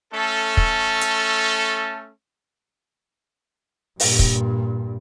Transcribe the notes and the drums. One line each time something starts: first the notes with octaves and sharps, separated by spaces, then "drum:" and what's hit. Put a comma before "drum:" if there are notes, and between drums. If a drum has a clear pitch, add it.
A3 C#4 A4
drum: kick
drum: hi-hat
G2 A#2, drum: open hi-hat
drum: kick